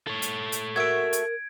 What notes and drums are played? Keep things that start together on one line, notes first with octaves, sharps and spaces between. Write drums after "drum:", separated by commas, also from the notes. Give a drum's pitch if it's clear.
A4 C#5
drum: hi-hat
drum: hi-hat
F#4 A#4 E5 G#6 D7
drum: hi-hat